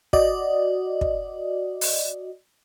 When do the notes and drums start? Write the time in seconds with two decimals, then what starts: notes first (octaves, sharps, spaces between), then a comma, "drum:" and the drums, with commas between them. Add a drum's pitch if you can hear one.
0.13 F#4 D5 D#5, drum: kick
1.01 drum: kick
1.81 drum: open hi-hat